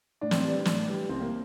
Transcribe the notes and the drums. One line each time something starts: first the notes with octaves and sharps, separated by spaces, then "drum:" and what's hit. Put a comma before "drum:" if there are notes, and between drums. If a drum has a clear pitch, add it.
A2 D4
C4, drum: snare
E3 G3 D4
A2, drum: snare
E3 G3
C2 C4
A#3